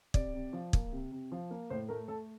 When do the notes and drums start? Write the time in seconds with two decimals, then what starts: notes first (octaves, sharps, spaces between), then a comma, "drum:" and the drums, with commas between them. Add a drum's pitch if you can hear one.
0.14 C3 D5, drum: kick
0.34 C3
0.53 F3
0.73 A#3, drum: kick
0.92 C3
1.12 C3
1.32 F3
1.51 A#3
1.70 A2 C5
1.89 A3 A#4
2.08 A3 A4